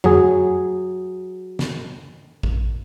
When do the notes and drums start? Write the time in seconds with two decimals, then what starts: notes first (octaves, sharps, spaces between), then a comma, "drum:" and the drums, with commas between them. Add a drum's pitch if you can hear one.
0.04 F#3 G#4, drum: tom F2
1.59 drum: snare
2.43 drum: kick A1